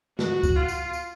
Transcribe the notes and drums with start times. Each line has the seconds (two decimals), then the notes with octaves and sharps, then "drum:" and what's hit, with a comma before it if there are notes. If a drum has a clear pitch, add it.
0.19 F#4, drum: snare
0.43 drum: kick C#2, tambourine
0.56 F4
0.68 drum: tambourine
0.93 drum: tambourine